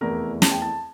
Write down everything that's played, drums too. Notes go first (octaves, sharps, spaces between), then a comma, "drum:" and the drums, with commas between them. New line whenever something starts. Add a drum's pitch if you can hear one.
F1 E2 E3 A3 E4 A#4
A5, drum: snare
G5
A5